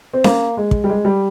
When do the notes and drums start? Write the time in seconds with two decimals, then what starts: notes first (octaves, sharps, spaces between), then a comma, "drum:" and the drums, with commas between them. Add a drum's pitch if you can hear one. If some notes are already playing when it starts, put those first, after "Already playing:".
0.13 C4
0.24 A#3, drum: snare C#4
0.57 G#3
0.71 drum: kick
0.84 G3
0.89 G#3
1.05 G3